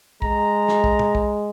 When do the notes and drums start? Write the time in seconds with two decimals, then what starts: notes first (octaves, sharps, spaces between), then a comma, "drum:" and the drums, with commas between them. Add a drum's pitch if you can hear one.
0.22 G#3 A#5, drum: kick
0.68 drum: snare
0.84 drum: kick
0.99 drum: tom B2
1.15 drum: kick